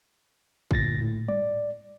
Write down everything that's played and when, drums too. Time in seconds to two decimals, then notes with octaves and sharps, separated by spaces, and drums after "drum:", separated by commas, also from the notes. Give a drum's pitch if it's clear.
0.71 G1 A#2 A6 A#6, drum: kick
1.01 A2
1.28 D5, drum: tom G3